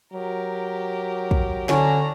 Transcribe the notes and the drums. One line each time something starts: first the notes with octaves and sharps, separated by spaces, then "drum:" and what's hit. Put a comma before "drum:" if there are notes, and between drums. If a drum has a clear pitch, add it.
F#3 G4 A#4
drum: kick
D3 C#4 D4 A#5, drum: snare